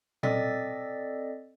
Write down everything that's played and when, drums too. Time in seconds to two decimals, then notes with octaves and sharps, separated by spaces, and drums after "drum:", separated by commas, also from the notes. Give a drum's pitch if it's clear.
0.23 C4 A4 D5 D#5 A6 B6, drum: tom A#2